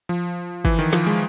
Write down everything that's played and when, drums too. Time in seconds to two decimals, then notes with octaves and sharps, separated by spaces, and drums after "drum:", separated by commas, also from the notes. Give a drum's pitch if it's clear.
0.09 F3
0.65 E3, drum: kick
0.79 D#3
0.93 F3, drum: snare
1.07 G#3